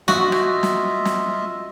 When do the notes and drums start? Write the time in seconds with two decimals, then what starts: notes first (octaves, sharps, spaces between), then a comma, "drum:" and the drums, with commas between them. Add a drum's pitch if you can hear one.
0.08 F4 F#4 D#5 E5, drum: snare
0.32 drum: rim click
0.63 drum: snare
1.05 drum: snare